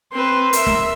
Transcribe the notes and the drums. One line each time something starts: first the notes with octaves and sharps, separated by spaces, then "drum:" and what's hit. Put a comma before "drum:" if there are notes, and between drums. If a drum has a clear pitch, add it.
C4 B4 C6
A#4 E5, drum: hi-hat
drum: snare